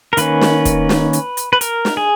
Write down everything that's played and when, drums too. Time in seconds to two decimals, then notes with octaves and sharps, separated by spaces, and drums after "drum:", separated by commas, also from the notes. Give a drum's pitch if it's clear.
0.13 A#4
0.17 D#3 A#3 C#4 B4, drum: hi-hat
0.41 drum: snare
0.65 drum: kick, hi-hat
0.89 drum: snare
1.13 drum: hi-hat
1.37 drum: hi-hat
1.53 B4
1.61 A#4, drum: hi-hat
1.85 drum: snare
1.97 G#4